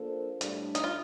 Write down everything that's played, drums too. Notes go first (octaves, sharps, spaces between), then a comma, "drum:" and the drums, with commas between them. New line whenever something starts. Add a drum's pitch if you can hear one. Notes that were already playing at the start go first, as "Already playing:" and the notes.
Already playing: F3 A#3 D4 A4 C5
A2 G3 D4, drum: hi-hat
D#4, drum: hi-hat
F4